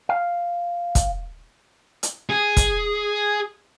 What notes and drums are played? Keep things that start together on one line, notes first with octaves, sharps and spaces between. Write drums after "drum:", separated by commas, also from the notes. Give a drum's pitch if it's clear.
F5
drum: kick, hi-hat
drum: hi-hat
G#4
drum: kick, hi-hat